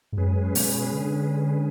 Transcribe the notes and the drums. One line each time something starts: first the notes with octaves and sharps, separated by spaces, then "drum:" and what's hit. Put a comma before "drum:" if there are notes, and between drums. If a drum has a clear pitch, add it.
G#2
F#2 G#3 C#4 G#4 B4
B2, drum: open hi-hat
D3